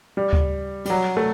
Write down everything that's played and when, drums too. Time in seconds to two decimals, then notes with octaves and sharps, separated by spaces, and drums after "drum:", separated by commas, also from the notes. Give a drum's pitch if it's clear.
0.17 G3
0.33 drum: kick D2
0.85 G3, drum: cymbal
0.90 F#3
1.17 A3